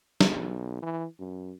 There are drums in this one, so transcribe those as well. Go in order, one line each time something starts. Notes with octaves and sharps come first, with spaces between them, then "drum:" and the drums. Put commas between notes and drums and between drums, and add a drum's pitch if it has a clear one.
B1, drum: snare
E3
F#2